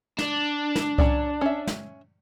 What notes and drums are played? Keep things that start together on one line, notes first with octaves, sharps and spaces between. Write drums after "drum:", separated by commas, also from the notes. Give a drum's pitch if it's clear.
D4, drum: snare
drum: snare
F#3 C#4 D5, drum: kick C2
C#4 E5
drum: snare